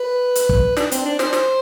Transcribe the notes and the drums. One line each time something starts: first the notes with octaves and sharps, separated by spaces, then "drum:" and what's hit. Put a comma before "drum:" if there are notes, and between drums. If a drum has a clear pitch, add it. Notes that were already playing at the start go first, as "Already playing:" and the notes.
Already playing: B4
drum: hi-hat
drum: kick
D4, drum: snare
C4, drum: hi-hat
D4
C5, drum: snare
drum: snare